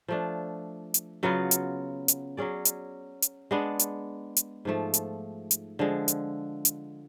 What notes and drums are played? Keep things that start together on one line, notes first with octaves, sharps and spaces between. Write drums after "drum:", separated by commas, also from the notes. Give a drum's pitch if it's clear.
F3 A3 D4
drum: hi-hat
C#3 F#3 B3 F4
drum: hi-hat
drum: hi-hat
F#3 C#4 G#4 D5
drum: hi-hat
drum: hi-hat
G#3 B3 D4
drum: hi-hat
drum: hi-hat
G#2 F3 A3
drum: hi-hat
drum: hi-hat
D3 F3 G#3
drum: hi-hat
drum: hi-hat